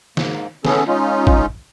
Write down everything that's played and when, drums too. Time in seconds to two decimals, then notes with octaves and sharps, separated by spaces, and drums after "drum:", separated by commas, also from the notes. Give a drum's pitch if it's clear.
0.17 G#2 A#3, drum: snare
0.65 A3 B3 C#4 G#4 A4, drum: snare
0.87 G#3 C#4 D#4 F4
1.27 drum: kick